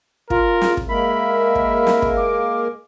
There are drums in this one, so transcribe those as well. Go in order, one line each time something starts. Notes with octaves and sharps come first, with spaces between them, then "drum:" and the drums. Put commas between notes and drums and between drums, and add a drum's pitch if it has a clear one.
F4 A#4, drum: kick
drum: snare
drum: kick
G#3 A#3 A#4 E5 B5
drum: kick
drum: snare
drum: kick
D6